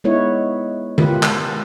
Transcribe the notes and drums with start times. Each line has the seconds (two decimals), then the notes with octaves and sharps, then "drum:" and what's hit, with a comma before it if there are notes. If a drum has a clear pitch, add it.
0.04 G#3 B3 D#4 E4 B4 C#5
0.98 F4 G4 A#4 B4, drum: tom D3
1.23 drum: clap